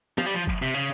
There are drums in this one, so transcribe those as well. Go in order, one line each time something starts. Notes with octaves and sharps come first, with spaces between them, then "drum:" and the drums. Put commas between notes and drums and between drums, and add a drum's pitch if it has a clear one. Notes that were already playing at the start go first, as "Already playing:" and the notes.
F3, drum: snare
G3
F3
drum: kick F#1
C3
C#3, drum: hi-hat